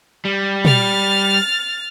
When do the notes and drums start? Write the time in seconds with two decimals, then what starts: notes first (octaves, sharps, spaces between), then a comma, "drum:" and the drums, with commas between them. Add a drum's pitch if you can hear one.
0.25 G3
0.65 F6 A6, drum: tom